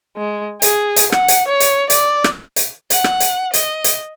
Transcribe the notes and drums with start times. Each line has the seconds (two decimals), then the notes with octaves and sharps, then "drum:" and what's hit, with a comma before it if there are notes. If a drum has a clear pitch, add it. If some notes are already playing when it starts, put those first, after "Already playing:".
0.17 G#3
0.62 G#4, drum: hi-hat
0.96 drum: hi-hat
1.12 F#5, drum: rim click
1.28 drum: hi-hat
1.48 C#5
1.60 drum: hi-hat
1.90 D5, drum: hi-hat
2.24 drum: rim click
2.56 drum: hi-hat
2.90 F#5, drum: hi-hat
3.04 drum: rim click
3.20 drum: hi-hat
3.54 D#5, drum: hi-hat
3.84 drum: hi-hat